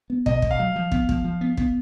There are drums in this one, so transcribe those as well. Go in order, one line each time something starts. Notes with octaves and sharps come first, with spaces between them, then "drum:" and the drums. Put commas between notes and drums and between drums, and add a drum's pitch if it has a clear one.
B3
B2 D#5, drum: kick
B2, drum: kick
F5
F#3
F3
B3, drum: kick
F3, drum: kick
F3
B3
B3, drum: kick